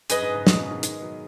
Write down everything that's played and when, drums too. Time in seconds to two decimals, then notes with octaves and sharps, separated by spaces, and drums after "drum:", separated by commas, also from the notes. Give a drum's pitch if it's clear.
0.10 F#2 G#4 B4 D#5, drum: hi-hat
0.22 G#2
0.34 G#2 C#3
0.47 B2 D#3, drum: snare
0.58 C#3 F#3
0.70 D#3 G#3
0.83 D#3 G#3, drum: hi-hat
1.01 F#3 B3